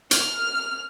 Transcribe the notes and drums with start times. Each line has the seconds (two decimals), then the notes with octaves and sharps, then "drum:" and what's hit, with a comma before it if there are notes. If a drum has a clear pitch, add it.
0.11 F6, drum: hi-hat